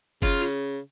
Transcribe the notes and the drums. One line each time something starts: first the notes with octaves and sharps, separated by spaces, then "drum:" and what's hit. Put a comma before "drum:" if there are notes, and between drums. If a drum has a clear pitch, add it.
C#3 F4, drum: kick F#1, tambourine
drum: tambourine